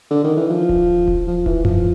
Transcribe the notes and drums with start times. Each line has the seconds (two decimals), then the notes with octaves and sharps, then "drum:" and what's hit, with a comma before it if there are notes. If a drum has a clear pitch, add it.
0.11 D3
0.24 D#3
0.37 E3
0.50 F3
0.69 drum: kick D#1
1.08 drum: kick D#1
1.27 F3
1.46 E3, drum: kick D#1
1.65 F3, drum: tom F#2